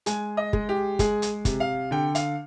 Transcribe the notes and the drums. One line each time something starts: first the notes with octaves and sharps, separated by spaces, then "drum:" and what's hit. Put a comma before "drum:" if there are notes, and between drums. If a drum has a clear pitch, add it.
G#3 G#5, drum: hi-hat
D#5
G#3, drum: kick
G4
G#3 G#4, drum: kick, hi-hat
drum: hi-hat
C3, drum: kick, hi-hat
F5
D3 G5
F5, drum: hi-hat